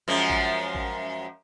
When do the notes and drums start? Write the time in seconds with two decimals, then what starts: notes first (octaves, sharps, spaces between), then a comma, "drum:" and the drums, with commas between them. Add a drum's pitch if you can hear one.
0.08 F#2 F3 G#3
0.30 drum: kick A1
0.75 drum: kick A1